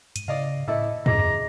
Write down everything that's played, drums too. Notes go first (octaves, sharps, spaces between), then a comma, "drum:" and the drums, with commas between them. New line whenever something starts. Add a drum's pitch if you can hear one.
G#2 D#7, drum: hi-hat
C#3 D5 D#5 F5
A2 A3 E4 A4 D#5 E5 D6
E2 G#4 D#5 A#5 D6, drum: tom